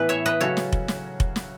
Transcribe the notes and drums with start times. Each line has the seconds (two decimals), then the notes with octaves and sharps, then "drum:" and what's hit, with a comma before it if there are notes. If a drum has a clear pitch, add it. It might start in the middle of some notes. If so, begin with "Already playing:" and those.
Already playing: A2 E3 B3 E4 G#4 B4
0.09 C#5 E5
0.26 B4 D#5
0.40 C#3 F#3 C#4 F#4 A4 C#5
0.57 drum: snare
0.72 drum: kick F1
0.88 drum: snare
1.20 drum: kick F1
1.36 drum: snare